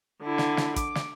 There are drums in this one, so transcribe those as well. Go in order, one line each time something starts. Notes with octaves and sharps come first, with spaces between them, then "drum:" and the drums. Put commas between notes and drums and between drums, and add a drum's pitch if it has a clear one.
D3 E4
drum: snare
drum: snare
D6, drum: kick, hi-hat
drum: snare